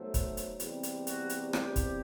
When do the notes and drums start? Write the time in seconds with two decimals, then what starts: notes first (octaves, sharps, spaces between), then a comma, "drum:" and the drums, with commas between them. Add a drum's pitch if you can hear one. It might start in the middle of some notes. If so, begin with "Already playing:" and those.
Already playing: B1 B2 F#3 A3 C5
0.14 drum: kick, hi-hat
0.37 drum: hi-hat
0.60 E2 C3 G3 C4, drum: hi-hat
0.83 drum: hi-hat
1.07 F#4, drum: hi-hat
1.30 drum: hi-hat
1.53 G4, drum: rim click
1.76 drum: kick, hi-hat